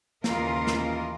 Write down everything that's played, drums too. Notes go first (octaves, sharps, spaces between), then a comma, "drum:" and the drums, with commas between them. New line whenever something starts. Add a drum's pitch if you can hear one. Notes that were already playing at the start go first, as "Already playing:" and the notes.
D#2 C#3 E3 F4 A#4 D#5, drum: snare
drum: snare